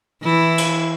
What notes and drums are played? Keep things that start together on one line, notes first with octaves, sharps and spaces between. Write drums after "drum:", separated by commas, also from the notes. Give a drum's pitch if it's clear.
E3 E4
drum: cymbal